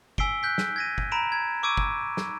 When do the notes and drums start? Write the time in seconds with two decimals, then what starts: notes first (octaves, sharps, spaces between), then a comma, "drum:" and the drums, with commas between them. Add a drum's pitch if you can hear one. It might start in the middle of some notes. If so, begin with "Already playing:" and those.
0.18 G#5 E6 B6 C7 D7 G7, drum: kick F#1
0.43 F#6 G6 B6
0.58 drum: snare
0.76 G#6 A#6 D#7
0.98 drum: kick F#1
1.12 A#5 B5 D7 E7
1.32 G#6
1.63 C#6 D6 E6 G#6 D7 D#7
1.77 drum: kick F#1
2.17 drum: snare